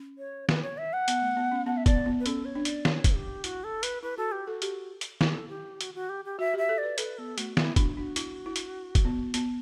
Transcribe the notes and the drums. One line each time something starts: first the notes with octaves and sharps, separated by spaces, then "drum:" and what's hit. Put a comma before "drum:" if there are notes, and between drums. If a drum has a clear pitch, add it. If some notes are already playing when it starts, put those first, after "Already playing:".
Already playing: C#4
C#5
B4, drum: snare
C#5
E5
F#5
B3, drum: hi-hat
A3
B3
C#4
B3 F#5
E5
B3 D5, drum: kick, hi-hat
B3
B4
C#4 A4, drum: hi-hat
C#5
D4
D5, drum: hi-hat
C#5, drum: snare
drum: kick, hi-hat
G4
E4 F#4, drum: hi-hat
A4
B4, drum: hi-hat
E4 B4
F#4 A4
G4
F#4 A4
G4, drum: hi-hat
drum: hi-hat
E4 G4, drum: snare
A4
G4
F#4, drum: hi-hat
F#4
G4
G4
F#4 E5
G4 E5
A4
D5
B4
A4 B4, drum: hi-hat
B3 A4
A3 F#4, drum: hi-hat
B3 E4, drum: snare
D4 F#4, drum: kick, hi-hat
D4 F#4
E4, drum: hi-hat
E4
drum: hi-hat
drum: kick, hi-hat
B3
B3, drum: hi-hat